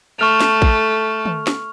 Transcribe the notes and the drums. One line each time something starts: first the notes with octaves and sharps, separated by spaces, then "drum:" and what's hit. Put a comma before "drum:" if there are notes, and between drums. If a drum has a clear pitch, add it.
A3 C#6 F6 F7
drum: snare
drum: kick
drum: tom
drum: snare